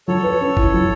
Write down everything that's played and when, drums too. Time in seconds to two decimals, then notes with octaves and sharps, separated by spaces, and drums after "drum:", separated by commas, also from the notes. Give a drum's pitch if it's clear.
0.08 F#3 A4 C#5
0.24 B4
0.41 C#4
0.57 E4, drum: kick
0.74 F#3